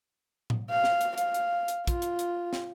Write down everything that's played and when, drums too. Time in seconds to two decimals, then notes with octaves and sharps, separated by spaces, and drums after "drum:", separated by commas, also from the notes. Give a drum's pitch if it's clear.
0.50 drum: tom A2
0.70 F5
0.84 drum: snare
1.01 drum: hi-hat
1.18 F5, drum: hi-hat
1.34 drum: hi-hat
1.68 drum: hi-hat
1.87 F4, drum: kick, hi-hat
2.02 drum: hi-hat
2.19 drum: hi-hat
2.53 drum: snare